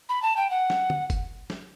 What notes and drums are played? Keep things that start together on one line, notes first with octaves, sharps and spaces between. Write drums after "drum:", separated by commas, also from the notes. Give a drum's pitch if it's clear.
B5
A5
G5
F#5
drum: snare
drum: tom
drum: kick F#1, hi-hat
drum: snare